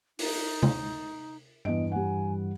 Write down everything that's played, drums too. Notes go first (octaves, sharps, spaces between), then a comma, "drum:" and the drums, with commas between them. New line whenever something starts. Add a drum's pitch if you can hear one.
D#4, drum: open hi-hat
drum: tom
E2 G2 E3 D#5 D7
G3 F#5 G#5